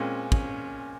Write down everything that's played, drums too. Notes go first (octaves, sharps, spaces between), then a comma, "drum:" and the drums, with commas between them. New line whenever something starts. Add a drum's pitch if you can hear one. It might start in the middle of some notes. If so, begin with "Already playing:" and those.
Already playing: A#2 G#3 C4 C#4
C#4, drum: kick